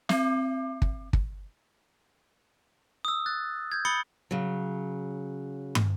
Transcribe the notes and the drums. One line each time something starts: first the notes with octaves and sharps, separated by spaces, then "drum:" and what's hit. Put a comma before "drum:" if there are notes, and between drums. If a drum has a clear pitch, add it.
C4, drum: snare
drum: kick
drum: kick
D#6 E6
F#6 A6
G6 G#6
B5 D#6 A6 C#7 G7
C#3 F#3
drum: tom